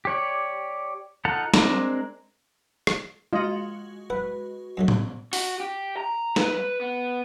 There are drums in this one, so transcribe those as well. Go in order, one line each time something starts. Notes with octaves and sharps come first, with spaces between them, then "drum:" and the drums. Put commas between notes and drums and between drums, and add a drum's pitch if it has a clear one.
G4 C#5 D5
D#4 F4 A4 F#5 A#5
G#3 C4 D4 A#4, drum: snare
drum: rim click
G#3 F4 F#4 D#5
B4 F#5
G2 F#3 A3
drum: tom A2
F#4, drum: open hi-hat
G4
A#5
B4, drum: snare
B3